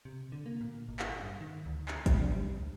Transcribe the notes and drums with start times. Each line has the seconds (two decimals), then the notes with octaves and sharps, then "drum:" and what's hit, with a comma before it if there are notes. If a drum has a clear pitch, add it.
0.05 C3
0.32 D3
0.46 A#3
0.61 A#2
0.89 G#1
0.99 drum: clap
1.23 G2
1.41 D#3
1.66 D2
1.88 drum: clap
2.06 C3, drum: kick, hi-hat
2.19 D4
2.33 G3
2.56 D2